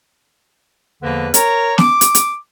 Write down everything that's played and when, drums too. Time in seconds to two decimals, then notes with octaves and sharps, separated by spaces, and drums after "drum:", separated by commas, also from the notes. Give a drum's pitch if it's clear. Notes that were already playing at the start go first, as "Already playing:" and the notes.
1.02 E2 D3 F3 A#3 B4
1.34 A#4 C#5 A#5, drum: hi-hat
1.78 D6, drum: snare
2.01 drum: hi-hat
2.15 drum: hi-hat